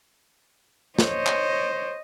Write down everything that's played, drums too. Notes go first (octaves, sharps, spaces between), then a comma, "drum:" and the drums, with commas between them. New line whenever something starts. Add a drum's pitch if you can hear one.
C5 C#5 D#5, drum: snare
drum: clap